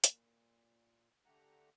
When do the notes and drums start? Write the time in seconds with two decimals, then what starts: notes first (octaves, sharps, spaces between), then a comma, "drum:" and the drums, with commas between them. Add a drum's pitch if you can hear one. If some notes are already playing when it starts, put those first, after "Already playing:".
0.04 A#2, drum: hi-hat
1.26 D3 A3 G4 F#5 A#5